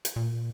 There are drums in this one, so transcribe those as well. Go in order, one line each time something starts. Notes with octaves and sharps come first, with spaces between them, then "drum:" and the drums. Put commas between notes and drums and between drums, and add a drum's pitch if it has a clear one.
drum: hi-hat
A#2